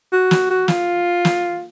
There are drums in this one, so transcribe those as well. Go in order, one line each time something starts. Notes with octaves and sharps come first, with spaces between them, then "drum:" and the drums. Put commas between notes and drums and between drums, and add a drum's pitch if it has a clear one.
F#4
drum: snare
F#4
F4, drum: snare
drum: snare